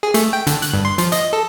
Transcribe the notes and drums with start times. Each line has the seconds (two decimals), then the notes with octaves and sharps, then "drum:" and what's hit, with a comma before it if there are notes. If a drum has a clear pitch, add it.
0.03 G#4
0.14 A3, drum: hi-hat
0.33 G5
0.47 D3, drum: hi-hat
0.62 F#6, drum: hi-hat
0.74 G2
0.85 C6
0.98 F3, drum: hi-hat
1.12 D#5, drum: hi-hat
1.33 A4